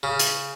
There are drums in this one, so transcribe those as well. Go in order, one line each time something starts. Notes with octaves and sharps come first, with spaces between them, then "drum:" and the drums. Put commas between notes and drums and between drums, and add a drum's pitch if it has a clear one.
C#3
drum: hi-hat